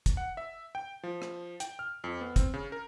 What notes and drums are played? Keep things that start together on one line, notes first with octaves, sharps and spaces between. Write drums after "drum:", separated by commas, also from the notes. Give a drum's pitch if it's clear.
drum: kick, hi-hat
F#5
E5
G5
F3
drum: rim click
G5, drum: hi-hat
F6
F2
B3
C4, drum: kick, hi-hat
C#3
A#4